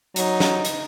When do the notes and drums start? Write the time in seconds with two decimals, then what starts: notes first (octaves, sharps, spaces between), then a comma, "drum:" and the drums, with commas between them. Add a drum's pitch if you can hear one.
0.16 F#3 D#4, drum: hi-hat
0.40 drum: snare
0.65 drum: hi-hat